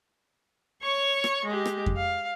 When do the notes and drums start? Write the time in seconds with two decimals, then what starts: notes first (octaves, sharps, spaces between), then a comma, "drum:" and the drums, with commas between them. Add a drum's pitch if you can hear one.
0.82 C#5 C#6
1.24 drum: rim click
1.45 G#3 G4
1.66 drum: rim click
1.86 drum: kick F2
1.96 F5